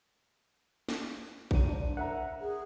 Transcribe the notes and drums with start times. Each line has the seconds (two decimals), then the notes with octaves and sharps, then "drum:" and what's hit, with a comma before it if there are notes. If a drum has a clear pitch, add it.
0.89 drum: snare
1.51 F#1 D#7, drum: kick A1
1.69 D4 C5
1.97 A#4 E5 F#5 A#5
2.40 G#4